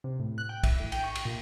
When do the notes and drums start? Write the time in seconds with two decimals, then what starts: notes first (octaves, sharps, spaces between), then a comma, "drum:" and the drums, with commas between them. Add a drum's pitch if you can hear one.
0.04 C3
0.19 A2
0.38 F#6
0.49 G5
0.64 E5, drum: kick, cymbal
0.80 A2
0.92 G5, drum: cymbal
1.04 C#6
1.15 drum: cymbal
1.25 A#2